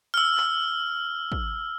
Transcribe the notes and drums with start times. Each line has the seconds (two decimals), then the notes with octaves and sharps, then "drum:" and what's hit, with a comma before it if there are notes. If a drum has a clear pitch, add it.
0.14 E6 F6
0.37 drum: clap
1.32 drum: kick